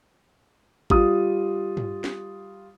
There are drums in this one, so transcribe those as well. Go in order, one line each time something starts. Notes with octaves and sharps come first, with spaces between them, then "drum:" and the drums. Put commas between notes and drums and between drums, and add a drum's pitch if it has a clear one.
G3 F4 D#6, drum: kick
drum: tom
drum: snare